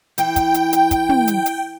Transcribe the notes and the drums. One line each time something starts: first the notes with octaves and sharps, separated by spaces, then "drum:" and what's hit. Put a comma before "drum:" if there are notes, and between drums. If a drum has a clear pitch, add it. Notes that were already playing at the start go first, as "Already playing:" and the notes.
E3 G5, drum: hi-hat
drum: kick, hi-hat
drum: hi-hat
drum: hi-hat
drum: kick, hi-hat
drum: tom
drum: hi-hat
drum: hi-hat